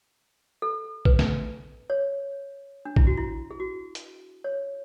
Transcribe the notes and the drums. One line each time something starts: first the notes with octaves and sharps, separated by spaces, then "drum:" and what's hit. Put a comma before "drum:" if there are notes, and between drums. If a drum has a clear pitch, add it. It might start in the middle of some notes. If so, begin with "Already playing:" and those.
A4
B4, drum: kick A1
drum: snare
C#5
D4
E4, drum: kick A1
F#4
E4
G#4
F#4
drum: hi-hat
C#5